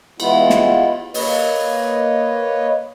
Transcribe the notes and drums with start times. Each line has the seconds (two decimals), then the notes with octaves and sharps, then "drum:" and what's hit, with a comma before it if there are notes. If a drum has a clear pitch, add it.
0.20 E3 G#3 B3 E4 F4, drum: cymbal
0.50 drum: snare
1.14 A#3 B4 C#5 D#5, drum: open hi-hat